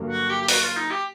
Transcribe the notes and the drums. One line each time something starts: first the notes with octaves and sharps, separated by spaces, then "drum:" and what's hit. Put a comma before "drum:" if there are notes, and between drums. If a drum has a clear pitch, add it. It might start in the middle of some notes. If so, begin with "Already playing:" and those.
Already playing: G2 D3 F#3 A#3
F#4
G4
G4
F#4, drum: open hi-hat
F4
D#4
G4